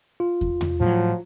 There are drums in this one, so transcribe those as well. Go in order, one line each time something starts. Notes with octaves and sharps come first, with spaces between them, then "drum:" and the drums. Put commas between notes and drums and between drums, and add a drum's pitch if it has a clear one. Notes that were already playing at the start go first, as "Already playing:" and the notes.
F4
drum: kick E2
drum: tom E2
A2 F3 F#3